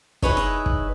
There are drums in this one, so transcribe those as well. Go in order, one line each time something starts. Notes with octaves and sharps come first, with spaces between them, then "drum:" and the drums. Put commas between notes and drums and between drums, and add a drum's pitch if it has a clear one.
D#4 E4 G#4 B4 C#5 D#5, drum: kick
drum: rim click
drum: kick